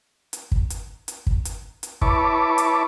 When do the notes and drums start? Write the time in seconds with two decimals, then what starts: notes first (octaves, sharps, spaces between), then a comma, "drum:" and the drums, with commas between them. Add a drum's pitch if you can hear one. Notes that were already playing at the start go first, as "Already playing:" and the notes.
0.33 drum: hi-hat
0.52 drum: kick
0.70 drum: hi-hat
1.08 drum: hi-hat
1.27 drum: kick
1.45 drum: hi-hat
1.83 drum: hi-hat
2.02 E4 B4 C#5 A5 D6, drum: kick
2.58 drum: hi-hat